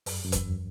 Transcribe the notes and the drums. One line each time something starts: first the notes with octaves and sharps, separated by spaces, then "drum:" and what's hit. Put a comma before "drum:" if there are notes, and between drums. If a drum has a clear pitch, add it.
F#2, drum: open hi-hat
F#2
E2, drum: kick F1, hi-hat